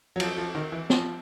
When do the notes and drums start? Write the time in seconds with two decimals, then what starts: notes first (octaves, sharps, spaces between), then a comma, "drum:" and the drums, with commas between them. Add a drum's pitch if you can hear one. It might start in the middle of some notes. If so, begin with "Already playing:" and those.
0.16 F#3
0.20 F3, drum: cymbal
0.37 F3
0.55 D#3
0.72 E3
0.90 F3, drum: snare